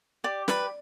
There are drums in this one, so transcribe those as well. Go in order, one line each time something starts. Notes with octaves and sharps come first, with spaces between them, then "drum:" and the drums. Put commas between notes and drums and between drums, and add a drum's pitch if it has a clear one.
G4 D5 D6
B4 D5 B5, drum: snare